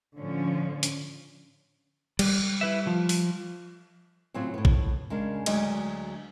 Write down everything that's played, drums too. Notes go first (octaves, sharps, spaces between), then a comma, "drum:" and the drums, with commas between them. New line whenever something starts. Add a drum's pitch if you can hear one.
A2 D3 F3 C#4
drum: hi-hat
G3, drum: cymbal
E4 B4 E5
F3
drum: open hi-hat
A2 C#3 F#3 C4 F4
A2 B3
drum: kick
C#3 G#3 D4 A#4
D2 F#3 G#3 D5 D#5, drum: cymbal